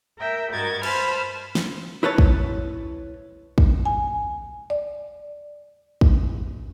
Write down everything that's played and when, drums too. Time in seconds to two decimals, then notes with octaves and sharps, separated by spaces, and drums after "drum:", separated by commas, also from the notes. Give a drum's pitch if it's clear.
0.18 A#4 E5 G5
0.53 G2 F#4 A#4 D#5 G#6 A6
0.83 B4 C5 A5 B5 F6, drum: cymbal
1.55 drum: snare
2.03 E4 B4 C#5 A5
2.18 drum: kick
3.58 drum: kick
3.85 G#5
4.70 D5
6.01 drum: kick